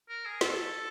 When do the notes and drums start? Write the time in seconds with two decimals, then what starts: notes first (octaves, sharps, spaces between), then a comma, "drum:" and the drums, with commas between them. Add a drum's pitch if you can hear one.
0.09 A#4
0.25 G#4
0.41 A4, drum: snare